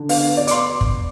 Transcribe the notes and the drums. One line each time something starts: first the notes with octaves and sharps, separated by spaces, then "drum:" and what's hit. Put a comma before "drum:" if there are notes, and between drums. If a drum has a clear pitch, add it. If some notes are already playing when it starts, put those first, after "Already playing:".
Already playing: D3
B3 F5, drum: open hi-hat
B3
D5
D6, drum: hi-hat
C6
drum: kick